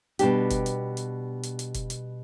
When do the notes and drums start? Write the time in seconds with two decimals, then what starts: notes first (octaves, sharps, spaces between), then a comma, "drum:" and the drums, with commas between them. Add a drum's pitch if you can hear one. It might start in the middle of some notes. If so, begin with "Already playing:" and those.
0.19 B2 G3 D4 G4, drum: hi-hat
0.51 drum: kick F1, hi-hat
0.66 drum: hi-hat
0.97 drum: hi-hat
1.44 drum: hi-hat
1.59 drum: hi-hat
1.75 drum: kick F1, hi-hat
1.90 drum: hi-hat